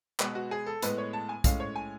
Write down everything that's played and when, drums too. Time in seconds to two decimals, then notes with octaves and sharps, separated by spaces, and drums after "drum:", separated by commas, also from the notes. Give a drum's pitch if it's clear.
0.20 B2 G#3 B3 B4, drum: clap
0.35 F#4
0.51 G#4
0.66 A4
0.82 A2 G#3 B3 B4, drum: hi-hat
0.98 C#5
1.13 A5
1.29 G#5
1.44 A2 G#3 C#4 F5, drum: kick, hi-hat
1.60 C#5
1.76 G#5